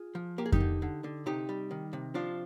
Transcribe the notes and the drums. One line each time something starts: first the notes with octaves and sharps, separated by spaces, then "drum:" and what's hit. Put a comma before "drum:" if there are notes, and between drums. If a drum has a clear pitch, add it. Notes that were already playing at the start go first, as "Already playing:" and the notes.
Already playing: F4 G#4
F3
A#3 G4
G#4
D#4 G4, drum: kick F2
D3
D3
D3
C3 D#4 G4
G3
D#3
C3
F3 D4 F4